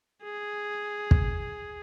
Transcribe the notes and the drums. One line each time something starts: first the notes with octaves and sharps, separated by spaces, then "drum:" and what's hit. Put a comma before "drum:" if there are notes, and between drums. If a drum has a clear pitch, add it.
G#4
drum: kick